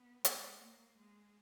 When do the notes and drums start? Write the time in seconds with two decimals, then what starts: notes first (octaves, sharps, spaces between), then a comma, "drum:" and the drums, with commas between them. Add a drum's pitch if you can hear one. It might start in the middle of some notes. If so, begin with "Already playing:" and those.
Already playing: B3
0.25 G#3, drum: hi-hat
0.61 A#3
0.98 G#3